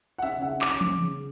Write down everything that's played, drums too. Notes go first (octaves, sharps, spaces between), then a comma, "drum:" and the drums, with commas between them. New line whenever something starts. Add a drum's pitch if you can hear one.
F#5
C#4 E5, drum: hi-hat
C#3 F#5
C#4
D6, drum: clap
C#4
C#4, drum: tom E3
C#3
C#3